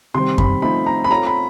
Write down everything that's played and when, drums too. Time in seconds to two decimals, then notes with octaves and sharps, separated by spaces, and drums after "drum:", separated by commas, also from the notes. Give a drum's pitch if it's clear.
0.14 C3 D#3 G3 C4 C6
0.38 B5, drum: kick F#2
0.62 F3 A3 C4 D#4 B5
0.86 A#5
1.04 B5
1.10 C4 F4 A4 C#5 A#5
1.27 B5